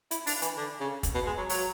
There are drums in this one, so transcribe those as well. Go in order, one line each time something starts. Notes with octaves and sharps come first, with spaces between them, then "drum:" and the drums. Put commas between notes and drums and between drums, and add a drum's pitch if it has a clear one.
E4, drum: hi-hat
D4, drum: open hi-hat
E3, drum: hi-hat
D3
C#3
drum: kick, hi-hat
B2
G#3
F#3
F#3, drum: open hi-hat